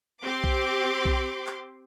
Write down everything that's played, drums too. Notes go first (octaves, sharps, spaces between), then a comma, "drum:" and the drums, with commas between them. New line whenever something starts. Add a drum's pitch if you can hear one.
C4 G4 C6 D6
drum: kick B1
drum: kick B1
drum: clap